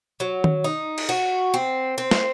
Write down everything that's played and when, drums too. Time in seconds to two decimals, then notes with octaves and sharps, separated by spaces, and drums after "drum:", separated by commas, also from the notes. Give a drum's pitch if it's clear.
0.20 F#3
0.44 drum: tom D#3
0.64 D#4
0.98 drum: cymbal
1.09 F#4
1.54 C4
1.98 C4
2.11 drum: snare